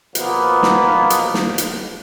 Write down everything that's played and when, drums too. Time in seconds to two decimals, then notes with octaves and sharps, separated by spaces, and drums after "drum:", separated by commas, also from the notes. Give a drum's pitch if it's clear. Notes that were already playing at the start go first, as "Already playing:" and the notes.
0.15 B2 F3 A#3 B3, drum: hi-hat
0.63 drum: snare
1.10 drum: hi-hat
1.34 drum: snare
1.58 drum: hi-hat